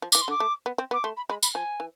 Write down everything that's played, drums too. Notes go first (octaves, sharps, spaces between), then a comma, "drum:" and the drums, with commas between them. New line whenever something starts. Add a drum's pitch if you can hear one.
F3
E3 D6, drum: tambourine
C6
D3 D6
A3
B3
C4
B3 D6
A3 C6
B5
G#3 B5
B5, drum: tambourine
F3 G#5
E3